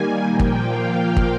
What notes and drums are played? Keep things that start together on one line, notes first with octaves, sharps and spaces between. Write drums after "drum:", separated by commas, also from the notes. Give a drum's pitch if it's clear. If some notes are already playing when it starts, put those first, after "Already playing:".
Already playing: D#3 G3 A#3 G#5
A#2 F3 A#3 G5
drum: kick
F5
F5
drum: kick